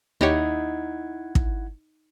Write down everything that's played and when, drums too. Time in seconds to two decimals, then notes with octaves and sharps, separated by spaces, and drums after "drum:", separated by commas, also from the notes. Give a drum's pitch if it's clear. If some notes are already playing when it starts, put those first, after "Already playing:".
0.21 D#2 D#4 E4 G4 C#5 F#5 G#6
1.35 drum: kick